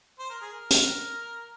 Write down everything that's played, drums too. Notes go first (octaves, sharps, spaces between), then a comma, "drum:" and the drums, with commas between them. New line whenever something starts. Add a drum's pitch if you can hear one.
C5
A#4
G#4
A#4
drum: hi-hat